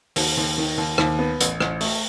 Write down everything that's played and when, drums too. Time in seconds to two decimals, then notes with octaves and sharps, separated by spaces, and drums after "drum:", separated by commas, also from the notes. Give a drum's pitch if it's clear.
0.16 D#2, drum: open hi-hat
0.37 D#2
0.58 D#3
0.78 D#2
0.98 D#2, drum: rim click
1.19 B3
1.41 A1, drum: hi-hat
1.60 A1, drum: rim click
1.81 A3, drum: open hi-hat